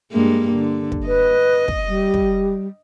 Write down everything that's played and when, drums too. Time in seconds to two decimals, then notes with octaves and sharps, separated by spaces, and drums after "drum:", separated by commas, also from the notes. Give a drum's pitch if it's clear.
0.12 G2 G#3 A#3
0.53 D3
0.92 drum: kick
1.07 B4 D#5
1.68 drum: kick
1.88 G3
2.14 drum: kick